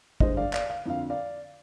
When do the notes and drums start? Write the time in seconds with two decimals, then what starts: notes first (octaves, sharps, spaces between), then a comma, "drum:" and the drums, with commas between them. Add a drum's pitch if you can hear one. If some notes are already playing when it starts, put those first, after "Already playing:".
0.20 G2 D3 G#3 C5 D#5, drum: kick
0.37 D5 F5
0.53 D5 F5, drum: clap
0.70 F5
0.86 F2 D3 F3 F5
1.10 D5 F5